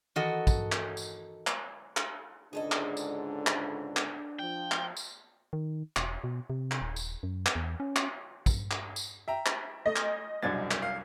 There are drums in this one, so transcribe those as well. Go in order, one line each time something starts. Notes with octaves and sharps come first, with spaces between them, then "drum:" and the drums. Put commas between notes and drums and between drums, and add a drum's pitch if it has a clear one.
D#3 E3 F#4 A4 D#5 F#5
drum: kick, tambourine
drum: clap
drum: tambourine
drum: clap
drum: clap
C#2 G#2 D3 D4 G#4 A4 D#5
drum: clap
drum: tambourine
drum: clap
drum: clap
F3 G5
drum: clap
drum: tambourine
D#3
E1, drum: clap
B2
C3
drum: clap
D#1
drum: tambourine
F#2
drum: clap
E2
C#4
drum: clap
drum: kick, tambourine
drum: clap
drum: tambourine
E5 G5 A#5
drum: clap
A3 D#5
drum: clap
E1 C2 F#2 D4 G#6 A6
drum: clap
F5